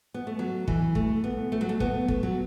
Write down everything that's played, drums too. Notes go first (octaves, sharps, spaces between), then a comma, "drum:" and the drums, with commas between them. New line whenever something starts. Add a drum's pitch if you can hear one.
B3
A3
F#3
E3, drum: kick
A3, drum: kick
B3
A3
F#3
A3
B3, drum: kick
A3, drum: kick
F#3